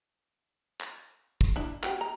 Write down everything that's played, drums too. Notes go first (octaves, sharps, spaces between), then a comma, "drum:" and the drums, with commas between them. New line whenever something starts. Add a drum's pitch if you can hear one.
drum: clap
drum: kick
D4 E4
C4 F#4 G4, drum: clap
A#5